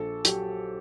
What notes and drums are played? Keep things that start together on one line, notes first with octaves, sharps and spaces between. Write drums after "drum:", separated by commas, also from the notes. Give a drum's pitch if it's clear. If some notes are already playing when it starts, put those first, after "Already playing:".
Already playing: A#1 A4
F#3 G4, drum: hi-hat